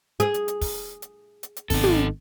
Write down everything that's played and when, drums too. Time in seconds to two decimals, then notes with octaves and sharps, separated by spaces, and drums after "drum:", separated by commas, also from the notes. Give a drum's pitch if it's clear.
0.20 G#4, drum: hi-hat
0.34 drum: hi-hat
0.48 drum: hi-hat
0.61 drum: kick, open hi-hat
1.02 drum: hi-hat
1.43 drum: hi-hat
1.56 drum: hi-hat
1.70 G#1 B3 C4 D#4 A4, drum: kick, open hi-hat
1.84 drum: tom